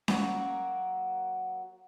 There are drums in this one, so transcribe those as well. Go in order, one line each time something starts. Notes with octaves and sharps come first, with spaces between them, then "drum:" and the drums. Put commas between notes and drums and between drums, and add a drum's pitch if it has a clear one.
F#3 A#3 D#4 F#4, drum: snare C#4